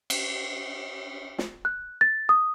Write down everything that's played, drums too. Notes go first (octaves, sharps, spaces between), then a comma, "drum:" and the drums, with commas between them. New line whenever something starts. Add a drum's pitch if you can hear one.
drum: cymbal
drum: snare
F#6
A6
D#6